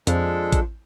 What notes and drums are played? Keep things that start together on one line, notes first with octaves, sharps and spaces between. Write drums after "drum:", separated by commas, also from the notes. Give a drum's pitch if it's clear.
F2 F3 G#3 D4 A4, drum: hi-hat
drum: kick A1, hi-hat